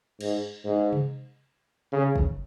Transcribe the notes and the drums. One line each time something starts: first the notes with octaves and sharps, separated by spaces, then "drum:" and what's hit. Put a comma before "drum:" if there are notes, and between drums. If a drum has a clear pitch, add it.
G#2, drum: cymbal
G#2
drum: tom C3
C#3
drum: kick